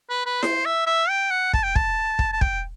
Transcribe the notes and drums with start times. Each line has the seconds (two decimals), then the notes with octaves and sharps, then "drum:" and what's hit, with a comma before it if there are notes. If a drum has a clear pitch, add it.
0.10 B4
0.26 B4
0.43 C5, drum: snare E4
0.66 E5
0.87 E5
1.09 G5
1.31 F#5
1.54 A5, drum: kick
1.63 G5
1.76 A5, drum: kick
2.19 drum: kick
2.32 A5
2.41 G5, drum: kick